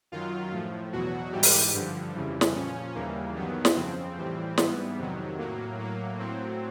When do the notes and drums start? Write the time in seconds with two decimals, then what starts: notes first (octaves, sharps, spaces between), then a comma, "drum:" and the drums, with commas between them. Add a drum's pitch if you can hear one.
0.12 F#2 D#3 F#3 F4
0.52 A2 F3
0.93 E2 B2 F#3 F#4
1.33 G#2 E3 G3 G4
1.43 drum: open hi-hat
1.73 G2 D3 F3
2.14 F2 C#3 E3 G3
2.41 drum: snare
2.55 A#2 F3 C#4
2.95 D#2 C#3 E3 G3 A#3
3.36 G2 D#3 F#3 B3
3.65 drum: snare
3.76 F2 C#3 F3 C4
4.17 A2 E3 G3 C4
4.58 G#2 E3 G3 B3, drum: snare
4.98 F2 C3 D#3 F#3
5.39 A2 F#3 A#3
5.79 A2 F#3 A#3
6.20 A2 F#3 C4